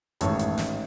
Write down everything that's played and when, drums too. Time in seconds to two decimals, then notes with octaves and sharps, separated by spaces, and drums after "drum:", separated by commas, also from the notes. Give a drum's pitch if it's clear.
0.21 A1 G#2 D#3 A4 C#5, drum: hi-hat
0.39 drum: hi-hat
0.58 drum: snare